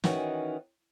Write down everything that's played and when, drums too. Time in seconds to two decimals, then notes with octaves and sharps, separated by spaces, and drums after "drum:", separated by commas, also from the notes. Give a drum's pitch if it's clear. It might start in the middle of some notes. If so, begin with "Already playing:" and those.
0.04 D#3 E3 C#4 D#4 F#4, drum: snare